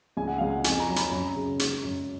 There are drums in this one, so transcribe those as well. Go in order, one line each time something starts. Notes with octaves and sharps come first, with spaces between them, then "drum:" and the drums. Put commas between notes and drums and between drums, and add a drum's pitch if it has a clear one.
C#2 G#5
F#5
C#2 F5
F#5
F2 G#5, drum: hi-hat
A#5
F#3
B5, drum: hi-hat
F#2 A#5
C#3
G#3, drum: hi-hat
F#2